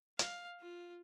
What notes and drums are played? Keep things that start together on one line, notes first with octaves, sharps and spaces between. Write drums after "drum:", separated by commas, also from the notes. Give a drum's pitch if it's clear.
F5, drum: hi-hat
F4